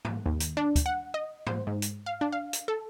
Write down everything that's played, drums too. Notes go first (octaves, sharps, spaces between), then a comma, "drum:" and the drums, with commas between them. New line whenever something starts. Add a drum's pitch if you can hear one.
drum: tom G#2
D#2
drum: hi-hat
D4
drum: kick, hi-hat
F#5
D#5
C5, drum: tom G#2
G#2
drum: hi-hat
F5
D4
F5
drum: hi-hat
A4